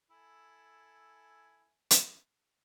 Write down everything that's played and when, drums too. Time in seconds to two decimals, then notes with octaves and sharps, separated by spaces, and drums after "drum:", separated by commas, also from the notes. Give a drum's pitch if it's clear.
0.11 E4 A4 G#5
1.91 drum: hi-hat